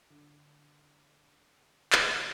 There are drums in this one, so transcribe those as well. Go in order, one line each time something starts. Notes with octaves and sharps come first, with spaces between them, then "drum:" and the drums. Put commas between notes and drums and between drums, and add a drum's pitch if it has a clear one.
D3
D3, drum: clap